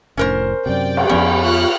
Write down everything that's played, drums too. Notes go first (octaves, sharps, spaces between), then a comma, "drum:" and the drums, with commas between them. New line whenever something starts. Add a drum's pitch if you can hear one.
F1 A2 C#4 A#4 C5
F#2 C3 D5 G5
drum: cymbal
F2 F3 B3 C#4 B5
F4 B5 C#6 F6 F#6